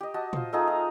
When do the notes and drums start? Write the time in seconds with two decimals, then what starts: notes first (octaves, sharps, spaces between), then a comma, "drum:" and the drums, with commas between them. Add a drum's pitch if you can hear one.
0.01 G4 D#5
0.14 F#4 D#5 A5
0.33 F4 C5, drum: tom
0.53 A3 D#4 F4 G#4
0.67 A#5